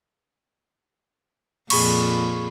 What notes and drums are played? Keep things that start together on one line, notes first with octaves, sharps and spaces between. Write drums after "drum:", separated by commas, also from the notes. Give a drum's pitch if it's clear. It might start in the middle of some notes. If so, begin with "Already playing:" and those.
F2 A#2 G#4 B5 C#6, drum: cymbal